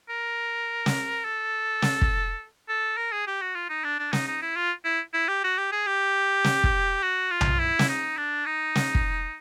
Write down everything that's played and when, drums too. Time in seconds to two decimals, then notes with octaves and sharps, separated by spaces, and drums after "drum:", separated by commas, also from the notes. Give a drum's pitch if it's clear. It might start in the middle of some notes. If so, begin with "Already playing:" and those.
0.09 A#4
0.86 drum: snare
1.25 A4
1.82 drum: snare
2.02 drum: kick
2.69 A4
2.97 A#4
3.12 G#4
3.27 G4
3.41 F#4
3.55 F4
3.70 D#4
3.84 D4
3.99 D4
4.13 D#4, drum: snare
4.27 D#4
4.42 E4
4.56 F4
4.85 E4
5.14 E4
5.28 G4
5.44 F#4
5.58 G4
5.72 G#4
5.87 G4
6.44 drum: snare
6.64 drum: kick
7.03 F#4
7.31 F4
7.41 drum: tom B1
7.59 E4
7.79 drum: snare
7.89 D#4
8.18 D4
8.46 D#4
8.75 drum: snare
8.95 drum: kick